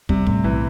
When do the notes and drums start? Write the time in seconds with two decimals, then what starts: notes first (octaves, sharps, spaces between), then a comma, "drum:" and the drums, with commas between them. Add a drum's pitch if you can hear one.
0.09 C3 G3, drum: kick
0.27 A2 C3, drum: kick
0.44 B1 E3